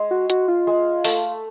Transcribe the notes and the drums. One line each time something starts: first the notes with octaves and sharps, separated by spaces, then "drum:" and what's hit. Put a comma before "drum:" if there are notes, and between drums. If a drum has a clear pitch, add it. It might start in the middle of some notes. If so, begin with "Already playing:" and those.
Already playing: G#3
F#4
F#4, drum: hi-hat
F4
G#3
A3, drum: open hi-hat